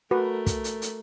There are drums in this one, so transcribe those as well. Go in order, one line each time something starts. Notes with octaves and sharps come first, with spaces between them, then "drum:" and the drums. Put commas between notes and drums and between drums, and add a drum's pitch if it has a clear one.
A3 F#4 A#4 B4
drum: kick, hi-hat
drum: hi-hat
drum: hi-hat